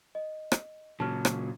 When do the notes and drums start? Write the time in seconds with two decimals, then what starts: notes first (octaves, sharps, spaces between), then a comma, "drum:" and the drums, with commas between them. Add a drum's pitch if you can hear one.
0.15 D#5
0.52 drum: rim click
1.00 A#2 C#3 F#3 A5 F6
1.25 drum: rim click